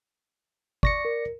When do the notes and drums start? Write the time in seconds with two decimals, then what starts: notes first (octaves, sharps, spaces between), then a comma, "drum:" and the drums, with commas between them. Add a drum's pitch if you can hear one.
0.83 D5 C#6 A#6 C#7, drum: kick
1.05 A#4